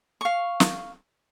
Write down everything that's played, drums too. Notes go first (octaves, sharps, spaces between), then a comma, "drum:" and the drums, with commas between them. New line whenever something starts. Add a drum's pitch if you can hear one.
F5 C#6
drum: snare